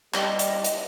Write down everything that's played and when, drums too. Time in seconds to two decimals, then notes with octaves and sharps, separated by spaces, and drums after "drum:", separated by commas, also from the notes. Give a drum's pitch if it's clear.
0.14 G3 D#5, drum: clap
0.39 drum: hi-hat
0.64 drum: hi-hat